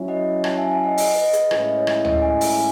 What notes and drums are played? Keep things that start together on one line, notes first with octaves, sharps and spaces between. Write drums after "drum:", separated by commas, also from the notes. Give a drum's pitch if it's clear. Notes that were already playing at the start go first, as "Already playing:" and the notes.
Already playing: F#3 C#4 E4
D#5 F#5
F#5 A5, drum: rim click
E5 G#5
E5 G#5
D#5 F#5
D#5 F#5, drum: open hi-hat
B4 D#5
G#4 B4, drum: hi-hat
A2 G#3 C#4 E4 G#4 B4, drum: rim click
D#5
C#5 E5
drum: rim click
D#5 F#5, drum: tom D2
E5 G#5
E5 G#5, drum: open hi-hat